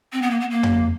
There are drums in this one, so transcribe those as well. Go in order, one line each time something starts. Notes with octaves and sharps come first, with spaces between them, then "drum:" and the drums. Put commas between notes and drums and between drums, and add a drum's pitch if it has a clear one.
C4
B3
A#3
B3
A#3
drum: tom